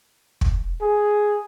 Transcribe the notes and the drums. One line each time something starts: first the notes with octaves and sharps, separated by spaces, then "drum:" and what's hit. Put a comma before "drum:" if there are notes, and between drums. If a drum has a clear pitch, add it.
drum: kick
G#4